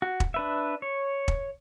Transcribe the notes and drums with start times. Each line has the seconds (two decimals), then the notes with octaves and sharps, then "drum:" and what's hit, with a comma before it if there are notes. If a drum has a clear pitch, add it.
0.02 F#4
0.20 drum: kick E1
0.34 D4 B4 E5
0.82 C#5
1.28 drum: kick E1